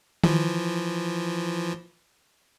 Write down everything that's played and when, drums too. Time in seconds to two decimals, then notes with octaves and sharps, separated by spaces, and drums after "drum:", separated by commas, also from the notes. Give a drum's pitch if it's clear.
0.24 E3 F3, drum: tom D#3